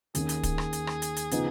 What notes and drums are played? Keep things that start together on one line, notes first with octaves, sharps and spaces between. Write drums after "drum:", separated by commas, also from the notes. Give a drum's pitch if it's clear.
D#2 D#3 A#3 C#4 G#4, drum: hi-hat
drum: hi-hat
drum: kick, hi-hat
drum: rim click
drum: hi-hat
drum: rim click
drum: hi-hat
drum: hi-hat
C#3 F3 B3 D#4, drum: hi-hat